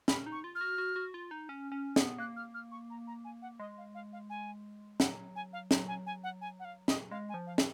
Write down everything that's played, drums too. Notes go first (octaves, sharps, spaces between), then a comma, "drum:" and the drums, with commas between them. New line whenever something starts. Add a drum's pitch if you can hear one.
C#4 B5, drum: snare
D#4
C#6
F4
F6
F#4
F#4
F#4
F4
D#4
C#4
C#4
B3, drum: snare
A#3 F#6
F6
F6
C#6
A#5
A#5
G#5
F#5
G#3 D#5
F5
F5
F5
G#5
F#3 F#5, drum: snare
G#5
F5
F#3, drum: snare
G#5
G#5
F#5
G#5
F#5
F5
D#5, drum: snare
G#3 F5
G#5
F3
F5
drum: snare